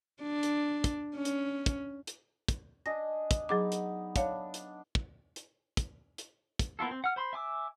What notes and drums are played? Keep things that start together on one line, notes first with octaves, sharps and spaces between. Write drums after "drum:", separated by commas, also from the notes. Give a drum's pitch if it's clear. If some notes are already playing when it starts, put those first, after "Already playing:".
D4
drum: hi-hat
drum: kick, hi-hat
C#4
drum: hi-hat
drum: kick, hi-hat
drum: hi-hat
drum: kick, hi-hat
D4 D#5 G#5 A#6
drum: kick, hi-hat
F#3 B3 D#4 G#4 D6
drum: hi-hat
D4 C#5 F5 F#5, drum: kick, hi-hat
drum: hi-hat
drum: kick
drum: hi-hat
drum: kick, hi-hat
drum: hi-hat
drum: kick, hi-hat
A#3 B3 E4 F4 A4
C4
F#5 F6
C5 B5 C6
E5 G#5 D6 E6